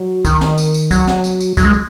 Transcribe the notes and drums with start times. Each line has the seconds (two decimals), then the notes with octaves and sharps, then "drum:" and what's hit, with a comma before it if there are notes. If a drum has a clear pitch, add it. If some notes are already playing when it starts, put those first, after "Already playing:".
Already playing: F#3
0.25 D#3, drum: kick, tambourine
0.41 drum: snare
0.58 drum: tambourine
0.74 drum: tambourine
0.91 F#3, drum: kick, tambourine
1.07 drum: snare
1.24 drum: tambourine
1.40 drum: tambourine
1.57 F#3, drum: kick, tambourine
1.65 G#3